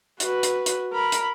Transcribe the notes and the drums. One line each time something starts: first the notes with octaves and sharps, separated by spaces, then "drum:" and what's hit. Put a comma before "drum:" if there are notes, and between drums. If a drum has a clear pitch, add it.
F#4 B4, drum: hi-hat
drum: hi-hat
drum: hi-hat
A#4 B5
drum: hi-hat